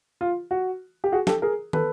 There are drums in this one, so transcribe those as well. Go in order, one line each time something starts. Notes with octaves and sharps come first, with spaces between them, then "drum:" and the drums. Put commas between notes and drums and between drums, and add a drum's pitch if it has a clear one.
F4
F#4
G4
F#4 G#4
G4 A4, drum: snare
G#4 A#4
A4 B4, drum: tom